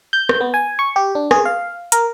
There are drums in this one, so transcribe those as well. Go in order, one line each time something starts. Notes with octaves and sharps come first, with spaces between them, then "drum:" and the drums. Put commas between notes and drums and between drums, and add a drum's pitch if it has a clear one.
G6
drum: rim click
B3
G#5
C#6
G4
D4
G#4, drum: rim click
F5
A#4, drum: hi-hat